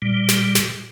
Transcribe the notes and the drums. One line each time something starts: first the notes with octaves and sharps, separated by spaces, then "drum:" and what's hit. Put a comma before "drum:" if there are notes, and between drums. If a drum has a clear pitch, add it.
A#2 G3
drum: snare
drum: snare